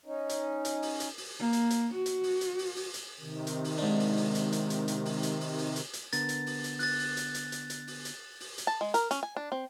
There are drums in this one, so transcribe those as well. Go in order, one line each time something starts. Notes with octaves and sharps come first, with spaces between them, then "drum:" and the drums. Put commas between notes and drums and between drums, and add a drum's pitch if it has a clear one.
C#4 D#4
drum: hi-hat
drum: hi-hat
drum: open hi-hat
drum: hi-hat
drum: open hi-hat
A#3
drum: hi-hat
drum: hi-hat
F#4
drum: hi-hat
drum: open hi-hat
drum: hi-hat
drum: open hi-hat
drum: open hi-hat
drum: hi-hat
C3 D#3
drum: hi-hat
drum: open hi-hat
G#2 D4
drum: open hi-hat
drum: open hi-hat
drum: hi-hat
drum: hi-hat
drum: hi-hat
drum: hi-hat
drum: open hi-hat
drum: hi-hat
drum: open hi-hat
drum: open hi-hat
drum: hi-hat
drum: hi-hat
D3 B3 A#4 A6, drum: hi-hat
drum: hi-hat
drum: open hi-hat
drum: hi-hat
F#6 A6, drum: open hi-hat
drum: open hi-hat
drum: hi-hat
drum: hi-hat
drum: hi-hat
drum: hi-hat
drum: open hi-hat
drum: hi-hat
drum: open hi-hat
drum: hi-hat
A5
G#3
A#4, drum: hi-hat
C#4, drum: hi-hat
G#5
D4
C4